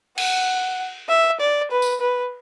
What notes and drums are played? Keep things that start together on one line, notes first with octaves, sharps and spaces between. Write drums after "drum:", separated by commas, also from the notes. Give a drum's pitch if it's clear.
F#5, drum: cymbal
E5
D5
B4
drum: tambourine
B4